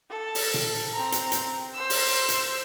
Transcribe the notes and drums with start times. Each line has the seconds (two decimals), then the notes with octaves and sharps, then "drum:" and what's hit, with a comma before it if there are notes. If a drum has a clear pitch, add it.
0.10 A4
0.35 drum: open hi-hat
0.54 drum: tom A#2
0.93 C4 A#5
1.12 drum: hi-hat
1.32 drum: hi-hat
1.74 C5 E6
1.90 drum: open hi-hat
2.28 drum: hi-hat